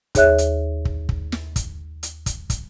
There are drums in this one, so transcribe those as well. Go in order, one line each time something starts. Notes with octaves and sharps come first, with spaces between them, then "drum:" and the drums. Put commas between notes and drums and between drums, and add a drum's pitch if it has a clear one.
D#2 G#4 C#5 E5 F#6, drum: kick, hi-hat
drum: hi-hat
drum: kick
drum: kick
drum: snare
drum: kick, hi-hat
drum: hi-hat
drum: kick, hi-hat
drum: kick, hi-hat